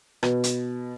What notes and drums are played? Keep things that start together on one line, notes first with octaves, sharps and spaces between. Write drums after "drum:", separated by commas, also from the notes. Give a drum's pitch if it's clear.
B2, drum: rim click
drum: hi-hat